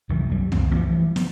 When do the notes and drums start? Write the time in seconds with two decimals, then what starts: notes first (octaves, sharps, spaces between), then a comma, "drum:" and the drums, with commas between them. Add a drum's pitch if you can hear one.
0.09 C2 F#2 D#3 E3
0.30 B1 F#2 G3
0.52 D#1 F#2 A#3 C4, drum: tom C2
0.75 E3 F3 G3 A3
1.16 F3 B3, drum: snare